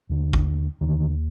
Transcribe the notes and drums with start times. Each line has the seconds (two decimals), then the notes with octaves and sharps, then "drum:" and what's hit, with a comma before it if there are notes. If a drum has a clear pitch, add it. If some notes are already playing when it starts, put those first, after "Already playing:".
0.10 D#2 D3
0.33 drum: kick
0.81 D#2 D3 D#3